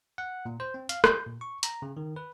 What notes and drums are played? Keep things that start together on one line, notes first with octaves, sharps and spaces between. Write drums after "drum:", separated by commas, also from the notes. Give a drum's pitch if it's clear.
F#5
A#2
C5
C4
F5, drum: hi-hat
G6, drum: rim click
A#2
C#6
A#5, drum: hi-hat
C#3
D#3
B4